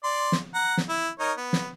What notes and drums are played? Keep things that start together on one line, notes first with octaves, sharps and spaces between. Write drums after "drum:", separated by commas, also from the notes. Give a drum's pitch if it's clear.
D5 C6
drum: snare
F#5 A#5
drum: snare
E4
D#4 A#4 C#5
B3
drum: snare